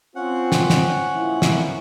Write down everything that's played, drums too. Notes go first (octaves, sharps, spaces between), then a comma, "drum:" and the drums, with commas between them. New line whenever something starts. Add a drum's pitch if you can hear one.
C4 C#4 F4 F#5
drum: snare
drum: snare
A#2 F3 E4
drum: snare